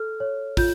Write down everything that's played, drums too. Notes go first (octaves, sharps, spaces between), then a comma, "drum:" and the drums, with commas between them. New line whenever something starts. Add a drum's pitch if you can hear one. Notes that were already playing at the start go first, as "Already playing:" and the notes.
Already playing: A4 F6
C#5
F4 G6, drum: kick, open hi-hat